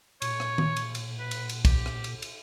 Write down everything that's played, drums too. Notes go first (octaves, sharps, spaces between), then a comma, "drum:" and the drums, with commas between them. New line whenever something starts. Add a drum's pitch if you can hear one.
A#2 C#5, drum: cymbal
drum: rim click
drum: tom
drum: cymbal
drum: cymbal
B4
drum: cymbal
drum: cymbal
G4, drum: kick, cymbal
drum: rim click
drum: cymbal
drum: cymbal